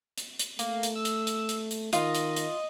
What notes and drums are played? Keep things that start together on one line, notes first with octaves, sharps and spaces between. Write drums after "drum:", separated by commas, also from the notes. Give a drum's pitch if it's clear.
drum: hi-hat
drum: hi-hat
A3 A#3, drum: hi-hat
drum: hi-hat
E6
drum: hi-hat
drum: hi-hat
drum: hi-hat
drum: hi-hat
D#3 F4 D#5, drum: hi-hat
drum: hi-hat
drum: hi-hat